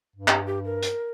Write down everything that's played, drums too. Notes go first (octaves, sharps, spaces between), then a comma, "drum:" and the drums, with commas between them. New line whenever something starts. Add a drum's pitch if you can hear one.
G2
G4, drum: clap
G4
A#4
drum: hi-hat